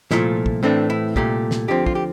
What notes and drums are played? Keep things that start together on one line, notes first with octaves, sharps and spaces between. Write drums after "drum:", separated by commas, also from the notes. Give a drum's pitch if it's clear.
C2 A#2 F3 A3 E4, drum: snare
drum: kick
A2 E3 A3 C4 D4
E4
C2 A#2 A3 G4, drum: kick
drum: snare
D2 D3 F3 C4 G4
F4, drum: kick
G4